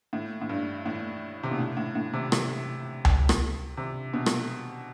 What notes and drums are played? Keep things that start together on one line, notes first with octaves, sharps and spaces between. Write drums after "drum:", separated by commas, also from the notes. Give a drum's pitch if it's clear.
A2
A2
G2
A2
C3
B2
A2
A2
A2
C3
C3, drum: rim click
drum: tom C#2
drum: rim click
C3
B2
drum: rim click